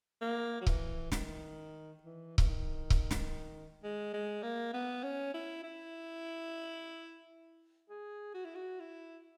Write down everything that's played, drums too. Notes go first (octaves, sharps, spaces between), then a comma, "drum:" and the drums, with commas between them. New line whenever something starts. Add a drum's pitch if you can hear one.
A#3
F#3
E3, drum: kick C#1
D#3, drum: snare
E3
E3, drum: kick C#1
D#3
drum: kick C#1
drum: snare
G#3
G#3
A#3
B3
C#4
E4
E4
G#4
F#4
E4
F#4
E4